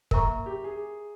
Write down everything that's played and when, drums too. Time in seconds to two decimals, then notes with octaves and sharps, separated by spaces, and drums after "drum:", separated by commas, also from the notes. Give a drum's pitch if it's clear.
0.11 A#3 A#4 E5 A#5 C#6, drum: kick
0.46 G4
0.64 G#4